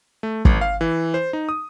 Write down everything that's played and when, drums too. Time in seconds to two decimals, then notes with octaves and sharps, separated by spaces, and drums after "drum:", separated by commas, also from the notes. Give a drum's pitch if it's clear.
0.23 A3
0.45 G#1, drum: kick
0.61 F5
0.81 E3
1.14 C5
1.33 D#4
1.49 D#6